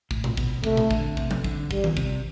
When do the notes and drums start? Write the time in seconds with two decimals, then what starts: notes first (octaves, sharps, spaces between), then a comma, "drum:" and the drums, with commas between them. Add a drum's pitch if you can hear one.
0.11 A2, drum: kick
0.24 drum: tom A#2
0.37 B2, drum: kick
0.64 C3 A3, drum: kick
0.77 drum: tom A#2
0.91 D3, drum: kick
1.17 C3, drum: kick
1.31 drum: tom F3
1.44 D3, drum: kick
1.71 G3, drum: kick
1.84 drum: tom D#3
1.97 C3, drum: kick